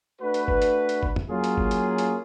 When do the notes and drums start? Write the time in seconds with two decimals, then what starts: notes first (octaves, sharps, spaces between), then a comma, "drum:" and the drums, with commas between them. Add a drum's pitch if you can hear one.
0.21 A3 D4 F#4 B4
0.34 drum: hi-hat
0.48 drum: kick G1
0.62 drum: hi-hat
0.89 drum: hi-hat
1.03 drum: kick G1
1.16 drum: tom
1.30 F#3 A#3 C#4 F4 G#4
1.44 drum: hi-hat
1.57 drum: kick G1
1.71 drum: hi-hat
1.98 drum: hi-hat